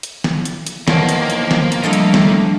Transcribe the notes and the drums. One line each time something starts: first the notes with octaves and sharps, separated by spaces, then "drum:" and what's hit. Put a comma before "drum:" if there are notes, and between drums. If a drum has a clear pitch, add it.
drum: hi-hat
drum: snare
drum: hi-hat
drum: hi-hat
E2 D#3 F3 F#3 A#3, drum: snare
drum: hi-hat
drum: hi-hat
drum: snare
drum: hi-hat
F2 G3 A3 D4 A4 D#5 F5
drum: hi-hat
drum: snare